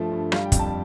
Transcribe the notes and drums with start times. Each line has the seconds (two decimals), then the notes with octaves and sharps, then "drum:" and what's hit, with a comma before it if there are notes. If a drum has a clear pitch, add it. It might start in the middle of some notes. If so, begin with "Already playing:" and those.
Already playing: G2 F3 A3
0.12 G2
0.32 G3 F5, drum: rim click
0.45 G5
0.52 F2, drum: kick, hi-hat
0.59 A5